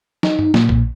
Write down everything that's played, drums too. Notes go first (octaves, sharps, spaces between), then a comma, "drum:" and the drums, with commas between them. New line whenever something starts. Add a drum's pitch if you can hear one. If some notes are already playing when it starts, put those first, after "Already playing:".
D#4, drum: snare
drum: tom G2
A#2, drum: snare
drum: kick A#1